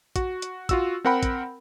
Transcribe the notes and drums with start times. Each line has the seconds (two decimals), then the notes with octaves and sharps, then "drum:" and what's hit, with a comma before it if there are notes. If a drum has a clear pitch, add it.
0.16 F#4, drum: kick A#1, hi-hat
0.42 drum: hi-hat
0.69 F4 F#4 E6, drum: kick A#1, hi-hat
1.05 C4 A#4 F#5 G5 B5
1.23 drum: kick A#1, hi-hat